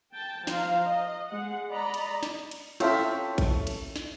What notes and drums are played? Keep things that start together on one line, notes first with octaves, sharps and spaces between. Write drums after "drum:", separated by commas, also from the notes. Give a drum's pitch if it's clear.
G5 A5
F3 C5 F5 A#5, drum: snare
D#5
G#3 F#5
D5 D#5 A#5 B5
drum: cymbal
drum: snare
drum: cymbal
C4 C#4 E4 F4 G4 A4 E5, drum: cymbal
drum: kick A1, cymbal
drum: cymbal
drum: snare